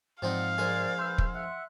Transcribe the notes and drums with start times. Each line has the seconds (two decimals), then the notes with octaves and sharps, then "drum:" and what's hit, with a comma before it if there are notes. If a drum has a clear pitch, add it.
0.22 G#2 F3 C4 D#4 D5 F5 F#5
0.58 A#1 G#3 A#4 C5 D5 G#5
0.99 B4 C6 E6 G6
1.18 drum: kick
1.33 E5 F#5 F#6